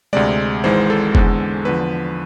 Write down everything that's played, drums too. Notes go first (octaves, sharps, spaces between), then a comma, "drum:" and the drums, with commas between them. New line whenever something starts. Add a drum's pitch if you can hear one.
D2 C3 G#3 D5
G#1 G#2 E3 G#3 C5
A4
E2 D3 G#3, drum: kick
E2 D3 F3 B4